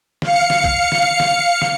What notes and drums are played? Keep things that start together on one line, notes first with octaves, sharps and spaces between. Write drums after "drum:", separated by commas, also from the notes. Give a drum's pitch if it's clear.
F5 C#7, drum: snare
drum: snare
drum: kick
drum: snare
drum: snare
drum: snare